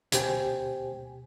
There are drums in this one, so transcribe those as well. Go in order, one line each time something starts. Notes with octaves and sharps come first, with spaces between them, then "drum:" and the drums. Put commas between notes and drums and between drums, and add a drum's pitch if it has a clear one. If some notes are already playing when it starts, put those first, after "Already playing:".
D2 B2 G4 C5 G5 G#5, drum: hi-hat